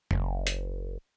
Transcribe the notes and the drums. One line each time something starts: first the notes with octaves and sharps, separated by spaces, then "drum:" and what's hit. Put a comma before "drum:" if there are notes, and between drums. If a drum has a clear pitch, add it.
F#1, drum: tom F2
drum: hi-hat